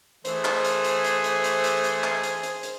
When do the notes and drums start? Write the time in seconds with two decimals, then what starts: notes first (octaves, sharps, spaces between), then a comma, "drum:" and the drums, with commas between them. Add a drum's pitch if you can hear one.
0.25 E3 A3 G#4 C5, drum: hi-hat
0.45 drum: clap
0.65 drum: hi-hat
0.84 drum: hi-hat
1.04 drum: hi-hat
1.24 drum: hi-hat
1.44 drum: hi-hat
1.64 drum: hi-hat
1.84 drum: hi-hat
2.04 drum: clap
2.23 drum: hi-hat
2.43 drum: hi-hat
2.63 drum: hi-hat